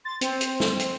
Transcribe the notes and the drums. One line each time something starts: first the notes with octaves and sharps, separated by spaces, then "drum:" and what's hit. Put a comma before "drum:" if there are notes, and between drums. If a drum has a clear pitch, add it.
C6 A6
C4 C5, drum: hi-hat
drum: hi-hat
drum: snare
drum: hi-hat